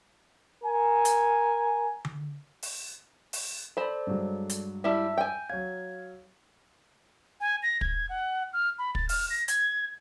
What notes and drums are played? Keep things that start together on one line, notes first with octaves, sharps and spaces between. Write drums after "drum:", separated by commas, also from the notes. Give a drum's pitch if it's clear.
A#4 G#5
drum: hi-hat
drum: tom D3
drum: open hi-hat
drum: open hi-hat
A4 C5 D5 B5
G2 F#3 G#3
drum: hi-hat
G3 E4 E5 A5 E6
G5 G#5 G6
F#3 C#5 F5 G#6
G#5
A#6
G#6, drum: kick
F#5
F6
B5
A6, drum: kick
F6, drum: open hi-hat
A#6
G#6, drum: hi-hat